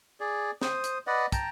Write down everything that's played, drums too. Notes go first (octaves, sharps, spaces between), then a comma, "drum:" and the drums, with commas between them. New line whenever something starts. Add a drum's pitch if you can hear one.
G#4 D5
C5 D#6, drum: snare
drum: hi-hat
B4 D5 D#5 F#5
G5 A5 A#5, drum: kick, hi-hat